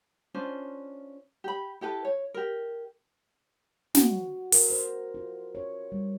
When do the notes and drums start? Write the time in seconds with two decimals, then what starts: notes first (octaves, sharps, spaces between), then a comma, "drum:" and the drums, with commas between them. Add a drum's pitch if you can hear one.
0.34 C#4 D4 F4 C5
1.44 G4 B5
1.81 E4 G4 A4 B4
2.05 C#5
2.34 G4 A#4
3.95 F#4, drum: snare
4.52 A#4, drum: open hi-hat
4.70 C5
5.15 F4
5.55 C#5
5.92 G3